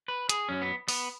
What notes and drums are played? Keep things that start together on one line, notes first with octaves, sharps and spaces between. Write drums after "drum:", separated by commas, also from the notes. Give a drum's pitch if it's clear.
B4
G#4, drum: hi-hat
F#2 F#3 C#4
B3
B3, drum: open hi-hat